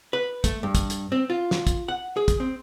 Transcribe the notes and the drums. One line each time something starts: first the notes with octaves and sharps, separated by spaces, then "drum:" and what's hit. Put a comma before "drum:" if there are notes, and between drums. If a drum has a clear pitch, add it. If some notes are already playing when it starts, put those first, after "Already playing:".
B4
A3, drum: kick, hi-hat
G2
drum: kick, hi-hat
drum: hi-hat
C4
F4
drum: snare
drum: kick, hi-hat
F#5
G#4
drum: kick, hi-hat
C4